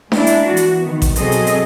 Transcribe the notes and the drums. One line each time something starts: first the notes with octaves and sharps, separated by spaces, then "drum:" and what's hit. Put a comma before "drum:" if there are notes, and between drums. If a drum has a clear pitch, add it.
G#3 A#3 D4 E4, drum: snare D4
drum: hi-hat
E3 F#4
drum: hi-hat
D#3 B3
drum: kick A1, hi-hat
B2 F#3 C4 G#4 A4 D#5, drum: hi-hat
drum: hi-hat
drum: hi-hat